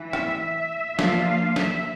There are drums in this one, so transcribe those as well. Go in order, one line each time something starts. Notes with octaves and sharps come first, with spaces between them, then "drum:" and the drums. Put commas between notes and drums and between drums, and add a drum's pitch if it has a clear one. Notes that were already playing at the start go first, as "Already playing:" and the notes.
Already playing: E3
E5, drum: rim click
E5
F3 A#3 D4 F4, drum: snare
F5
E5, drum: snare